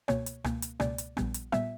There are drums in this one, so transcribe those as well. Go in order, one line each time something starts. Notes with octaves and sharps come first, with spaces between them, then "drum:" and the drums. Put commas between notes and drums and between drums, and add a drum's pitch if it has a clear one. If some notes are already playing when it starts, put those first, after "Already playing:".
C#2 B2 A#3 C#5, drum: rim click
drum: hi-hat
C#2 B2 A#3, drum: rim click
drum: hi-hat
C#2 B2 A#3 D5, drum: rim click
drum: hi-hat
A#1 A#2 G3 B3, drum: rim click
drum: hi-hat
A#2 G3 B3 E5, drum: rim click